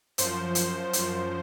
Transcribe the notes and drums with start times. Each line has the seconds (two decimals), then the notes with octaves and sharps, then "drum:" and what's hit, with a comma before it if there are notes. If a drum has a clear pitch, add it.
0.18 F#2 F3 C5, drum: hi-hat
0.55 C5, drum: hi-hat
0.93 F#2 F3, drum: hi-hat